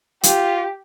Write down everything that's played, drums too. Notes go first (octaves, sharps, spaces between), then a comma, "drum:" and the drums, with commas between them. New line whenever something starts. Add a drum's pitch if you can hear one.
F4 G4, drum: hi-hat